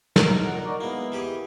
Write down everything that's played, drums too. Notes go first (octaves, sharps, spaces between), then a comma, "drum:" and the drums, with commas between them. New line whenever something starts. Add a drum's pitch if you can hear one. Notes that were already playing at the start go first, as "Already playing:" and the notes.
F#2 D3 D#3 A#4, drum: snare
A#2 F#5
D#4 F#4 D5
G#3 A#3 B3 E4
E3 G4 G#4